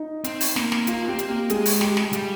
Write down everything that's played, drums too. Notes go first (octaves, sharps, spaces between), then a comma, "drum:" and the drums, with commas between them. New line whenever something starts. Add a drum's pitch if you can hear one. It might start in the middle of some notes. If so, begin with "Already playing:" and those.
Already playing: D#4
C4, drum: hi-hat
drum: open hi-hat
A#3, drum: snare
drum: snare
A#3 F4, drum: hi-hat
C4 G4
drum: hi-hat
A#3 G4
G#3 G#4, drum: hi-hat
drum: open hi-hat
G4, drum: snare
drum: snare
G3, drum: hi-hat